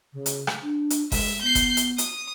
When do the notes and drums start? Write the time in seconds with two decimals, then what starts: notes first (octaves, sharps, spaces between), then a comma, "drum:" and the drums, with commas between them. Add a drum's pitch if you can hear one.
0.13 C#3
0.26 drum: hi-hat
0.47 drum: rim click
0.62 D4
0.90 drum: hi-hat
1.12 G#3 E5, drum: kick F#1, open hi-hat
1.42 B3 G6 C7
1.55 drum: kick F#1, hi-hat
1.77 drum: hi-hat
1.98 D#6, drum: hi-hat